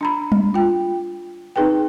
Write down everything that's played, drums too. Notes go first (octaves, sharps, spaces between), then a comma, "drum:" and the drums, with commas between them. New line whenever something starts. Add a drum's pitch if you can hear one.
D4 A#5 B5
drum: tom G3
F4 G5
C4 D#4 G#4 B4 G5